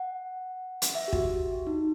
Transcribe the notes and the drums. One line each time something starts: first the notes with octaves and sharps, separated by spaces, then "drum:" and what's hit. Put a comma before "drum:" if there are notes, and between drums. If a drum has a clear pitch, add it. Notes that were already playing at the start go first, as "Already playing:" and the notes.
Already playing: F#5
drum: hi-hat
E5
G4
F#4, drum: kick
D#4